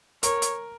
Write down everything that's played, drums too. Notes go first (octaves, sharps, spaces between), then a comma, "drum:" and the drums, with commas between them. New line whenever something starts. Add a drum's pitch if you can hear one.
A#4 C#5, drum: hi-hat
drum: hi-hat